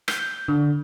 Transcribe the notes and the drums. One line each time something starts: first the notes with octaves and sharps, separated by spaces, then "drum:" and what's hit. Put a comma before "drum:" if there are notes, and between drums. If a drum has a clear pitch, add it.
G6, drum: rim click
D3